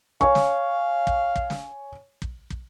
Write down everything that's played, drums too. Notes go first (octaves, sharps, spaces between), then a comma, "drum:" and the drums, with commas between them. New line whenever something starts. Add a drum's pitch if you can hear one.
C#5 F5 G#5 C#6, drum: kick
drum: snare
drum: kick
drum: kick
drum: snare
drum: kick
drum: kick